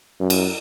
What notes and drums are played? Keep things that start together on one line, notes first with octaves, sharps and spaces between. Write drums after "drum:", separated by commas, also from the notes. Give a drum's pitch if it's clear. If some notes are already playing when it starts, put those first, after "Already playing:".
F#2
drum: cymbal